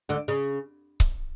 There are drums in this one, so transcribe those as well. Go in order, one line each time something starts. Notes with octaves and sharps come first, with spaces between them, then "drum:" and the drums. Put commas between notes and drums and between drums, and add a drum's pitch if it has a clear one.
D2 D3
C#3
drum: kick C#1